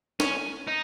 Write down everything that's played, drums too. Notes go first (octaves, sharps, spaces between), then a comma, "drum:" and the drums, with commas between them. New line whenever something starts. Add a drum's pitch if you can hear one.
C#4, drum: snare
D#4